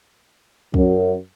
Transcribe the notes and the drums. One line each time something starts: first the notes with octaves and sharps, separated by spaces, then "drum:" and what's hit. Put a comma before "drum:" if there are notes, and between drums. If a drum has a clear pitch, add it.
F#2, drum: kick